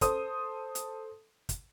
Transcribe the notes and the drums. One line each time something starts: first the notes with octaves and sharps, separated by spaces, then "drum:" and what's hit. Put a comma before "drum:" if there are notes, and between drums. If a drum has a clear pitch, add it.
A4 C5 D#6, drum: kick, hi-hat
drum: hi-hat
drum: kick, hi-hat